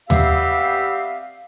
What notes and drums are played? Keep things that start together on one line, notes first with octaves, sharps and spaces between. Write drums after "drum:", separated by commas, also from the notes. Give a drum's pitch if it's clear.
G3 B3 C4 G4 E5 F5, drum: tom D#2